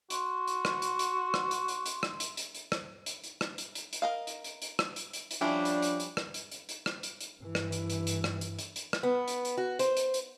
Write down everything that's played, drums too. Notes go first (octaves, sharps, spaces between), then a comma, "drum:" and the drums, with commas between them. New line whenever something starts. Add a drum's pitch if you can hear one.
F#4 C6, drum: hi-hat
drum: hi-hat
drum: rim click
drum: hi-hat
drum: hi-hat
drum: rim click
drum: hi-hat
drum: hi-hat
drum: hi-hat
drum: rim click
drum: hi-hat
drum: hi-hat
drum: hi-hat
drum: rim click
drum: hi-hat
drum: hi-hat
drum: rim click
drum: hi-hat
drum: hi-hat
drum: hi-hat
A#4 D#5 F5
drum: hi-hat
drum: hi-hat
drum: hi-hat
drum: rim click
drum: hi-hat
drum: hi-hat
drum: hi-hat
F3 G3 C#4 D4 E4
drum: hi-hat
drum: hi-hat
drum: hi-hat
drum: rim click
drum: hi-hat
drum: hi-hat
drum: hi-hat
drum: rim click
drum: hi-hat
drum: hi-hat
G2 E3
drum: rim click
drum: hi-hat
drum: hi-hat
drum: hi-hat
drum: rim click
drum: hi-hat
drum: hi-hat
drum: hi-hat
drum: rim click
B3
drum: hi-hat
drum: hi-hat
F#4
C5, drum: hi-hat
drum: hi-hat
drum: hi-hat